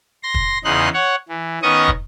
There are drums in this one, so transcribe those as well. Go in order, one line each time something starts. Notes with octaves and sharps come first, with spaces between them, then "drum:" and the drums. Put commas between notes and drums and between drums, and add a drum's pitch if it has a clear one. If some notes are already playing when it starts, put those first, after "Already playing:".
C6 A#6
drum: kick
E2 C#3 D#4 C6 F#6
C#5 F#5
E3
D#3 B3 C#4 D#5 C#6 D#6
drum: kick